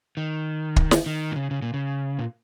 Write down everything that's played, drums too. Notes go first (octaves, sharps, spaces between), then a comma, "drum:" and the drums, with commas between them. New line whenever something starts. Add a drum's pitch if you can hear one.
D#3
drum: kick
drum: snare
D#3
A#2
C#3
C#3
A#2
C#3
A#2